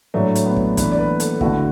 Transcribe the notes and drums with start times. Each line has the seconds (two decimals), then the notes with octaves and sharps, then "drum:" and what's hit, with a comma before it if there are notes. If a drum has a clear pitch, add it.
0.14 A2 F#3 A3 D4
0.35 drum: hi-hat
0.46 B3
0.56 drum: kick
0.77 E3 D4 B4, drum: kick, hi-hat
0.92 D5
0.99 B4
1.20 A4, drum: hi-hat
1.41 D3 A3 E4 F#4, drum: kick